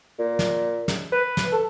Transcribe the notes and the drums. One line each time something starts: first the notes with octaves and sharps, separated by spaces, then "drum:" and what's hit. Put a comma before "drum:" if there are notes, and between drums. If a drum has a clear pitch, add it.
A#2
drum: snare
drum: snare
B4
drum: snare
A4